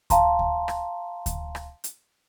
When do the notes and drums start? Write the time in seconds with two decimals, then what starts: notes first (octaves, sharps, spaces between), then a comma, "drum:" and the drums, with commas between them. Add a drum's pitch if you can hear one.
0.10 F5 A5 A#5 C6, drum: kick D2, hi-hat
0.39 drum: kick D2
0.68 drum: rim click
1.26 drum: kick D2, hi-hat
1.55 drum: rim click
1.84 drum: hi-hat